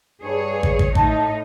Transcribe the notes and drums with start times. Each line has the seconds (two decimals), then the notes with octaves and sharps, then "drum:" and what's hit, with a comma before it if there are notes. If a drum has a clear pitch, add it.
0.23 G2 G#4 C#5
0.63 drum: kick
0.79 drum: kick
0.95 A2 D#4 A5, drum: kick